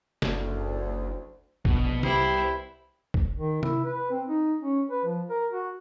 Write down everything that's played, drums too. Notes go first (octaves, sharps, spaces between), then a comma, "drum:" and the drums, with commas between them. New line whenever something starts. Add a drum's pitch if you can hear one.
F#1 D2, drum: snare
A#1 B2, drum: kick
C2 B3 E4 G4 C5, drum: tom C3
drum: kick
D#3
E4, drum: tom C3
B4
C4
D#4
C#4
B4
F3
A#4
F#4